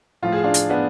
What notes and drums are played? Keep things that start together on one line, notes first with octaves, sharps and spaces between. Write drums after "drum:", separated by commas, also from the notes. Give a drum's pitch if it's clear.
A2 F3 F4
G#4
D4 F4
drum: hi-hat
B3 D4